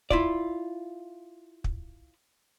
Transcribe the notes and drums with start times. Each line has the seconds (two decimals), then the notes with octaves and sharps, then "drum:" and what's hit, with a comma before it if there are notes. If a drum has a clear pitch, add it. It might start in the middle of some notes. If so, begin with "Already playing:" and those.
0.10 E4 F4 D5, drum: kick
1.64 drum: kick